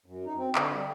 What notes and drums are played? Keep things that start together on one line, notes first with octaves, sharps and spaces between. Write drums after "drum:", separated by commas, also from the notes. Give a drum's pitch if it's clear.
F#2
D#4
C4
D3, drum: clap
G3